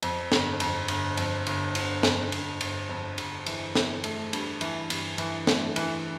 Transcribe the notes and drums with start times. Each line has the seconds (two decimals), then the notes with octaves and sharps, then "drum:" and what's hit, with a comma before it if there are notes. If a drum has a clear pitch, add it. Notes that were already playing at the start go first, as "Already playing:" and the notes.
0.03 F2, drum: cymbal
0.32 G1, drum: snare
0.60 F2, drum: cymbal
0.88 G1, drum: cymbal
1.17 F2, drum: cymbal
1.47 G1, drum: cymbal
1.75 D3, drum: cymbal
2.03 F2, drum: snare
2.32 G1, drum: cymbal
2.61 G1, drum: cymbal
2.89 F2
3.18 G1, drum: cymbal
3.46 E3, drum: cymbal
3.75 E3, drum: snare
4.04 A3, drum: cymbal
4.33 G2, drum: cymbal
4.61 E3, drum: cymbal
4.90 G2, drum: cymbal
5.18 E3, drum: cymbal
5.47 A3, drum: snare
5.76 E3, drum: cymbal